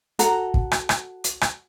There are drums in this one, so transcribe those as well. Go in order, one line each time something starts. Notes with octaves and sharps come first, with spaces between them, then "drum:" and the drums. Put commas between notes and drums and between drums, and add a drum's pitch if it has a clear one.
F#4 A4 F#5 A#5, drum: hi-hat
drum: kick
drum: rim click
drum: rim click
drum: hi-hat
drum: rim click